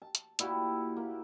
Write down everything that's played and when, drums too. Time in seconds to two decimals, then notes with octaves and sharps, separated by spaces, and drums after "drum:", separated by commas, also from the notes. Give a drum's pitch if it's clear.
0.02 A5
0.15 drum: hi-hat
0.39 A#2 E4 F#4 G4, drum: hi-hat
0.97 A#3